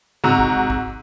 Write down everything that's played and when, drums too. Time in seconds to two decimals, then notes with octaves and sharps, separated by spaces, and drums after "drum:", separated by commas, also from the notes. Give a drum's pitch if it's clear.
0.24 G#2 C3 F#4 A#5 E6 F#6, drum: tom C#3
0.39 drum: kick G#1
0.70 drum: kick G#1